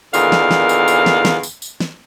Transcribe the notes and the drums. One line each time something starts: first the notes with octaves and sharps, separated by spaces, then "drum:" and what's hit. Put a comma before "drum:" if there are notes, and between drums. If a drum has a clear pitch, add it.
E2 A#2 D3 D#3 F5, drum: tambourine
drum: snare
drum: snare
drum: tambourine
drum: tambourine
drum: snare
drum: snare
drum: tambourine
drum: tambourine
drum: snare